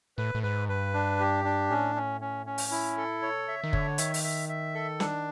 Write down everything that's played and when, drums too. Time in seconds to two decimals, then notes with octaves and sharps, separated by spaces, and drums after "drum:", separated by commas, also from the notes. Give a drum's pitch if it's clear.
0.18 A2 B4
0.35 A2
0.43 G#2 B4
0.69 G2 B4
0.94 D4
1.19 G4
1.45 D4
1.70 A2 C#4
1.95 C#4
2.21 C#4
2.46 C#4
2.58 drum: open hi-hat
2.71 E4
2.97 A4
3.22 B2 C#5
3.48 C#3 E5
3.64 D#3
3.73 D3 C#5, drum: kick
3.98 D#3 E5, drum: hi-hat
4.14 drum: open hi-hat
4.24 E5
4.49 E5
4.74 A4
5.00 D4, drum: snare